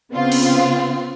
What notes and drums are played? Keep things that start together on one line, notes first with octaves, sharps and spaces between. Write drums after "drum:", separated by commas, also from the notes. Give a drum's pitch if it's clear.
C#3 B3 C4 F4
drum: cymbal